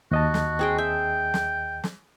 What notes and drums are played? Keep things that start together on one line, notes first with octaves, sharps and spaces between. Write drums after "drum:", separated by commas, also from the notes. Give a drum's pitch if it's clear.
D#2 F#4 D#5 A5
drum: snare
C4 G#4 G5
E5 G5
drum: snare
drum: snare